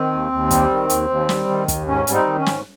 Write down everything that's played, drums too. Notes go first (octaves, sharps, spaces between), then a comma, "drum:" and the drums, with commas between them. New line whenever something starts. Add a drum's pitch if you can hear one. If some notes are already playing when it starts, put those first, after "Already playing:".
Already playing: D#3 C4
D#2
D#2
G3, drum: kick, hi-hat
D#3
D#2, drum: hi-hat
D#2
G3, drum: snare
D#3
D#2, drum: kick, hi-hat
G#2 C#4
G3, drum: hi-hat
C4 D#4
D#3
C#4
G#2, drum: snare